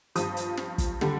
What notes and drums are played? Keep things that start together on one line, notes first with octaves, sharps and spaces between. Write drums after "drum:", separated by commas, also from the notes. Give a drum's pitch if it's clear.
G2 F3 D#6, drum: hi-hat
drum: hi-hat
drum: snare
drum: kick, hi-hat
D3 G3, drum: snare